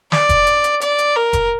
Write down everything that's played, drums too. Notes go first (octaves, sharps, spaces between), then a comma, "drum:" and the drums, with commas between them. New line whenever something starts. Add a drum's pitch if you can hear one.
D5, drum: snare
drum: kick F1, hi-hat
drum: hi-hat
drum: hi-hat
D5, drum: hi-hat
drum: hi-hat
A#4
drum: kick F1, hi-hat